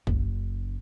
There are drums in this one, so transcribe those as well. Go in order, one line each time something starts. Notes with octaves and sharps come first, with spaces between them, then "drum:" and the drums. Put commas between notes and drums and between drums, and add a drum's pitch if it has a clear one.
F#1 C#3, drum: kick